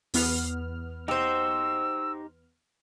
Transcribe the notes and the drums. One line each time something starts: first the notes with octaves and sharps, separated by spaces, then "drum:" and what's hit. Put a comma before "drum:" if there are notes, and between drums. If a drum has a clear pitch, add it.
E2 B3 F6, drum: open hi-hat
D#4 F#4 G4 C5 E6